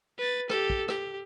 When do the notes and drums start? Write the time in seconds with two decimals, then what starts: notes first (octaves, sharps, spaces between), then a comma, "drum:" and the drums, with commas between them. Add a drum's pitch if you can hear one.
0.18 B4 A6
0.50 G4 A4, drum: rim click
0.70 drum: kick
0.88 G4, drum: rim click